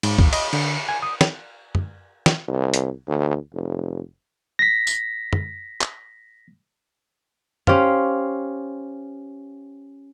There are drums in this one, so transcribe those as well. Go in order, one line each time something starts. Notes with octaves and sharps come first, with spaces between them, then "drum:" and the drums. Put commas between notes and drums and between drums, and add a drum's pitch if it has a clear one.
G#2, drum: cymbal
E2, drum: kick
D#5, drum: cymbal
D3, drum: cymbal
G#5
D#6
drum: snare
drum: tom
drum: snare
C2
drum: hi-hat
D2
F1
A#6 B6
drum: tambourine
drum: tom
drum: clap
C#4 G4 C5 F5, drum: tom